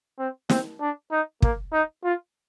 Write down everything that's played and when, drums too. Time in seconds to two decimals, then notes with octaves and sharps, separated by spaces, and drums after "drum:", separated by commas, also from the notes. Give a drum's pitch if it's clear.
0.19 C4
0.50 C4, drum: snare
0.81 D4
1.12 D#4
1.42 A#3, drum: kick
1.73 D#4
2.04 F4